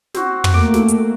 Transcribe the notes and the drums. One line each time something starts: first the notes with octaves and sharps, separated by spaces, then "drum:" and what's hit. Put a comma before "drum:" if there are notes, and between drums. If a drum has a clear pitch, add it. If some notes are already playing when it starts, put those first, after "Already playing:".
C4 F#4, drum: snare
drum: tom
A3 A#3 D6
drum: snare
drum: hi-hat